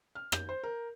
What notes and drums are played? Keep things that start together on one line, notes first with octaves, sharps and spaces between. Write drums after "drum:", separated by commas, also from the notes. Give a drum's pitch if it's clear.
F6
G6, drum: rim click
C5
A#4